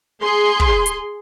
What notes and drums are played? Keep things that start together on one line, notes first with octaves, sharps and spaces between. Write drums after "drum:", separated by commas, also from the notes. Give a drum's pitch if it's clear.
G#4 C6
drum: kick
drum: hi-hat